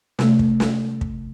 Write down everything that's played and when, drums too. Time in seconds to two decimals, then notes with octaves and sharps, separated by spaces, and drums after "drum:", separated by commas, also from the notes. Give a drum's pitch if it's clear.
0.19 C3 A3, drum: snare
0.39 drum: kick
0.60 drum: snare
1.01 drum: kick